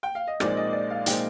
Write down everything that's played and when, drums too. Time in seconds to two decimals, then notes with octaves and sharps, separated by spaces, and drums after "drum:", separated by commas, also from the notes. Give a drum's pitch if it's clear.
0.03 G5
0.15 F5
0.27 D#5
0.40 A#1 A#2 G#3 C4 D#4 D5, drum: rim click
0.57 D#5
0.73 D5
0.90 F5
1.06 A#2 G#3 C4 D#4 G5, drum: hi-hat